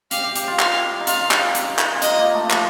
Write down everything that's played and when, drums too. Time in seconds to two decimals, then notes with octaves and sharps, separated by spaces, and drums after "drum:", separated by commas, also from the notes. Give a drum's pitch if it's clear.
0.11 G4 F5, drum: hi-hat
0.23 G4
0.35 G4, drum: hi-hat
0.48 F4
0.59 F4 F5, drum: clap
0.91 G4
1.00 D#4
1.07 F4 F5, drum: hi-hat
1.31 drum: clap
1.55 drum: hi-hat
1.79 drum: clap
1.94 F4
2.02 D#4 D#5, drum: hi-hat
2.19 A#3
2.34 A3
2.50 F3, drum: clap